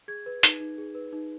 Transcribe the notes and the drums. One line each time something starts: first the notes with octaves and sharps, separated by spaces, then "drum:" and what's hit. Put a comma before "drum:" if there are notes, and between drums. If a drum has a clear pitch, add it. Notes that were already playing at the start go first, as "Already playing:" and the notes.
G#4 G#6
B4
D#4, drum: hi-hat
D#4
G#4
B4
D#4